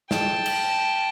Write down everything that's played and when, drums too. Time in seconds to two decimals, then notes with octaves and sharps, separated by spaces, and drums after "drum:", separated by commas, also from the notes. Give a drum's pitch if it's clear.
0.11 G5 A5, drum: snare
0.46 drum: cymbal